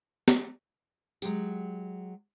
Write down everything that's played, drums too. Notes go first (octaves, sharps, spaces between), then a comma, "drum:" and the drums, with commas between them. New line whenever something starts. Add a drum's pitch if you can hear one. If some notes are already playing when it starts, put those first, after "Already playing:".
drum: snare
F#3 G#3 G4, drum: tambourine